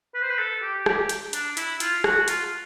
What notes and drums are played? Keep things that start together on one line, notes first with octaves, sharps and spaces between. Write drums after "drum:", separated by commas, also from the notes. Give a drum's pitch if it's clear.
B4
C5
B4
A4
G4
G4, drum: rim click
drum: hi-hat
D4, drum: hi-hat
E4, drum: hi-hat
F4, drum: hi-hat
F#4, drum: rim click
F4, drum: hi-hat